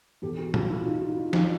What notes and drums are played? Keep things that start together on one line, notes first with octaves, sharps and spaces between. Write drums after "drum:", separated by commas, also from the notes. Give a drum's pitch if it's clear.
E2 B2 G4 A4
F#4 G#4
F4 G4, drum: tom
F4
E4 F#4
D#4 F4
D#4 F4
D#4 F4
D#4 F4, drum: snare F3